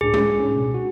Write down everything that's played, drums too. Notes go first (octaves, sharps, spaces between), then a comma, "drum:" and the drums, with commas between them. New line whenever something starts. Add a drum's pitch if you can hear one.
C#2 A2 D4 G#4
drum: tom G#3
C#4 D#4
B2
F#4